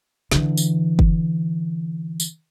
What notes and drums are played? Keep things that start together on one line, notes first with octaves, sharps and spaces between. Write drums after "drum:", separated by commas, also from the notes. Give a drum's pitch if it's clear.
D3 E3, drum: snare
drum: tambourine
drum: kick
drum: tambourine